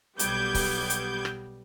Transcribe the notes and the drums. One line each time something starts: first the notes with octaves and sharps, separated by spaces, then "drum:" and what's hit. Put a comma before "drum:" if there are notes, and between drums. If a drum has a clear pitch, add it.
B1 G3 B3 D6 G6 G#6, drum: hi-hat
drum: kick C#1, open hi-hat
drum: hi-hat
drum: rim click